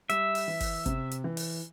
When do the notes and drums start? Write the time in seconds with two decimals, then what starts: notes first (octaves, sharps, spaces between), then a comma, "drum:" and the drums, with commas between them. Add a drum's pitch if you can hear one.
0.10 G3 E5, drum: hi-hat
0.35 drum: open hi-hat
0.48 E3
0.60 drum: kick, open hi-hat
0.86 C3, drum: kick, hi-hat
1.11 drum: hi-hat
1.24 E3
1.37 drum: open hi-hat